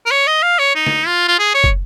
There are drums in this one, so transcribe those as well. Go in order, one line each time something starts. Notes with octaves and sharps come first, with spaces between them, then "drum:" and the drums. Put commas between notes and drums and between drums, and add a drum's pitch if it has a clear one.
A#4
C#5
D#5
F5
C#5
D#4
drum: snare
F4
F4
G#4
C#5
drum: kick